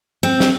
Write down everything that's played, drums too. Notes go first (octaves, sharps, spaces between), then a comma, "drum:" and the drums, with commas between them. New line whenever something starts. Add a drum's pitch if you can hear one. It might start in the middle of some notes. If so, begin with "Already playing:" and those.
C4
drum: snare